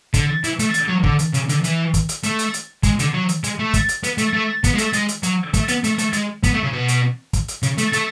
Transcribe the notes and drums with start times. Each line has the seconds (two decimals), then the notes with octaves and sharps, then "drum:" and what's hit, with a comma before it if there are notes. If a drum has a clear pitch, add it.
0.14 D3, drum: kick, hi-hat
0.44 E3, drum: hi-hat
0.59 A3, drum: hi-hat
0.74 drum: hi-hat
0.89 F#3
1.04 D3, drum: kick
1.19 drum: hi-hat
1.34 C#3, drum: hi-hat
1.49 D3, drum: hi-hat
1.64 E3, drum: hi-hat
1.94 drum: kick, hi-hat
2.09 drum: hi-hat
2.23 A3, drum: hi-hat
2.39 drum: hi-hat
2.54 drum: hi-hat
2.83 G#3, drum: kick, hi-hat
2.99 D3, drum: hi-hat
3.13 F#3
3.29 drum: hi-hat
3.44 G#3, drum: hi-hat
3.59 A3
3.74 drum: kick, hi-hat
3.89 drum: hi-hat
4.04 B3, drum: hi-hat
4.18 A3, drum: hi-hat
4.33 A3
4.64 B3, drum: kick, hi-hat
4.73 G#3
4.78 A3, drum: hi-hat
4.93 G#3, drum: hi-hat
5.08 drum: hi-hat
5.23 F#3, drum: hi-hat
5.54 A3, drum: kick, hi-hat
5.68 B3, drum: hi-hat
5.84 A3, drum: hi-hat
5.98 A3, drum: hi-hat
6.13 G#3, drum: hi-hat
6.44 B3, drum: kick, hi-hat
6.54 A3
6.64 C#3
6.73 B2
6.88 drum: hi-hat
7.33 drum: kick, hi-hat
7.48 drum: hi-hat
7.63 C#3, drum: hi-hat
7.78 A3, drum: hi-hat
7.93 A3, drum: hi-hat